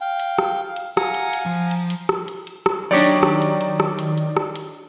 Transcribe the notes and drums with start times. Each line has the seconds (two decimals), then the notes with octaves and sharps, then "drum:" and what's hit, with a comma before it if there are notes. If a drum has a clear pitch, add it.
0.01 F5 G5
0.20 drum: hi-hat
0.39 drum: rim click
0.65 F5
0.76 drum: hi-hat
0.97 F5 F#5 G#5 A#5, drum: rim click
1.14 drum: hi-hat
1.33 drum: hi-hat
1.46 F3
1.71 drum: hi-hat
1.90 drum: hi-hat
2.09 drum: rim click
2.28 drum: hi-hat
2.47 drum: hi-hat
2.66 drum: rim click
2.91 D#3 F#3 D4 D#4 G4 C#5 D5
3.23 drum: rim click
3.42 drum: hi-hat
3.61 drum: hi-hat
3.80 drum: rim click
3.99 drum: hi-hat
4.18 drum: hi-hat
4.37 drum: rim click
4.56 drum: hi-hat